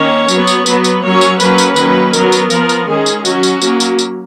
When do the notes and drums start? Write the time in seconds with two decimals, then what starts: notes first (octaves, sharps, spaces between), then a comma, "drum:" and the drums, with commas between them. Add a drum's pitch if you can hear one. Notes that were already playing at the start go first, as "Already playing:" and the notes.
Already playing: D#3 A#3 C#4 C#5
0.28 F#3 B3, drum: tambourine
0.47 drum: tambourine
0.66 F#3 B3 B4, drum: tambourine
0.84 drum: tambourine
1.03 F#3 A#3 C#4 C#5
1.21 drum: tambourine
1.40 F#3 A#3 C#4 B4, drum: tambourine
1.58 drum: tambourine
1.76 D#3 F#3 A#3 C#4 B4, drum: tambourine
2.13 F#3 B3 A#4, drum: tambourine
2.32 drum: tambourine
2.50 F3 B3 A#4, drum: tambourine
2.69 drum: tambourine
2.88 D#3 G#3 C#4 G#4
3.06 drum: tambourine
3.25 F#3 C#4 F#4, drum: tambourine
3.43 drum: tambourine
3.61 F#3 A#3 C#4, drum: tambourine
3.80 drum: tambourine
3.99 drum: tambourine